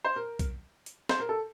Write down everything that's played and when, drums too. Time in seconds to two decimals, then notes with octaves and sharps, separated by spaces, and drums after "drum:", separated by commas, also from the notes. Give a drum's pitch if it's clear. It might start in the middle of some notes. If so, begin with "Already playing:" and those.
0.04 C5
0.16 A#4
0.39 drum: kick B1, hi-hat
0.86 drum: hi-hat
1.09 C5, drum: snare
1.19 A#4
1.29 A4